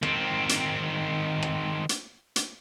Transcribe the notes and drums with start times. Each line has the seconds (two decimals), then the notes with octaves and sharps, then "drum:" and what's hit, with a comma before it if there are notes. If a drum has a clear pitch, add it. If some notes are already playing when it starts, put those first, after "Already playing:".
0.03 D#3 C4, drum: rim click
0.49 drum: hi-hat
1.43 drum: rim click
1.89 drum: hi-hat
2.36 drum: hi-hat